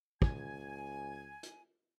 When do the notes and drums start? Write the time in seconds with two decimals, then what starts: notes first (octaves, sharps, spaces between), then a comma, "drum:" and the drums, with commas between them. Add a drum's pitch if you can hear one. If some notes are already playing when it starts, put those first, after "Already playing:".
0.22 C#2 G#5, drum: kick
1.43 drum: hi-hat